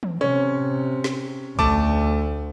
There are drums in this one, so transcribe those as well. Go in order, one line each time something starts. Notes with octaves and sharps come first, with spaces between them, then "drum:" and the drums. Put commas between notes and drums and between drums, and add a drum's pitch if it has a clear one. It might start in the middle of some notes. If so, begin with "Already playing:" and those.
drum: tom
C3 C#4
drum: snare
D2 A3 A5 D6, drum: kick A#1